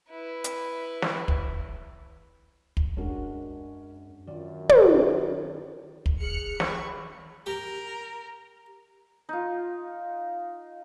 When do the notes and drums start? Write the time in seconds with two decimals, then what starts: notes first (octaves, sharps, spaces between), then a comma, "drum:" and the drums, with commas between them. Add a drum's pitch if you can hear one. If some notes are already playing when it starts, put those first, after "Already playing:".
0.10 E4 B4
0.44 drum: hi-hat
1.02 drum: snare
1.28 drum: kick
2.77 drum: kick
2.97 F#2 G#3 C#4 D4 F#4 A#4
4.27 F#2 D#3 F4 D5
4.69 drum: tom
6.06 drum: kick
6.21 G#4 F6 F#6 C#7
6.60 G#4 B5 C#6, drum: snare
7.46 G4 A#4
9.29 D#4 F4